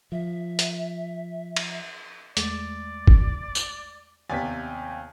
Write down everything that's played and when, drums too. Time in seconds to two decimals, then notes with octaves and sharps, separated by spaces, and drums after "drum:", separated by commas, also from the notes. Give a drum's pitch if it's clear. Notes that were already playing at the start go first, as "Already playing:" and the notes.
0.12 F3 E5
0.59 drum: hi-hat
1.57 drum: cymbal
2.37 E2 G#3 A3 D5, drum: hi-hat
3.07 drum: kick
3.55 drum: tambourine
4.30 D#2 C3 B3 D5 G5 G#5 A6 B6